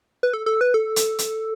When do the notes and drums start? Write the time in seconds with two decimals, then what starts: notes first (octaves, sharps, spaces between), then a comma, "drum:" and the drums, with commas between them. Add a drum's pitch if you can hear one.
0.23 B4
0.33 A4
0.46 A4
0.61 B4
0.74 A4
0.96 drum: hi-hat
1.19 drum: hi-hat